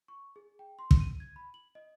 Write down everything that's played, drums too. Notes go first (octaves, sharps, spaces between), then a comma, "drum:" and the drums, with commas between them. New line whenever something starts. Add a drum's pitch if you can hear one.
C#6
G#4
G5
C6
drum: kick
D#7
G#6
B5
F#7
D#5